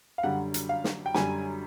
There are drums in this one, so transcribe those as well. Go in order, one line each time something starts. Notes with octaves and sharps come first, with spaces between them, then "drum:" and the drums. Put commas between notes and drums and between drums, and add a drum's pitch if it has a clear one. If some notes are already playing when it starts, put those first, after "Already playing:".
F5
F#2 D3 G3 F#5
drum: hi-hat
F5
drum: snare
G5
F#2 D3 G3 G#5, drum: snare